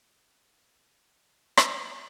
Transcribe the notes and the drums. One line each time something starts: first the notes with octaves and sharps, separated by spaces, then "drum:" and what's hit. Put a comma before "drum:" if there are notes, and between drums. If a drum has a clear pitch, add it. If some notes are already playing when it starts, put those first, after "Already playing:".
Already playing: E2
D3 G3 C4 F4
E2
D3 G3 C4 F4
E2
D3 G3 C4 F4
E2
D3 G3 C4
drum: rim click